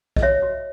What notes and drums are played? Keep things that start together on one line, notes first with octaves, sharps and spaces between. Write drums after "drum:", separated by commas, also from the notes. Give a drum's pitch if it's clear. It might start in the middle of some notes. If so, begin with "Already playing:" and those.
D#5, drum: kick B1
F#4 C#5 E5
F#4